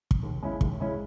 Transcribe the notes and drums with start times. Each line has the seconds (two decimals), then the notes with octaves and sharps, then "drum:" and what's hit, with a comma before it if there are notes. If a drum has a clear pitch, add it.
0.11 drum: kick
0.23 D#2
0.42 C#3 G#3 C#4 E4
0.61 D#2, drum: kick
0.80 C#3 G#3 C#4 E4